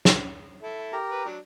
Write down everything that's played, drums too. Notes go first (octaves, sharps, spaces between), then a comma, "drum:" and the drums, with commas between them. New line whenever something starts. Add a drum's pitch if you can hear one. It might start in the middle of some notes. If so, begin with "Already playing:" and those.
drum: snare
E4 A4 E5
G4 A#4 A#5
B4
F#3 D4